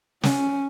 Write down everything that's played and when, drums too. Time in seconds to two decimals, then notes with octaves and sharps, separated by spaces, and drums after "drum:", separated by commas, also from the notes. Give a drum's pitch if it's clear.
0.23 C#4, drum: snare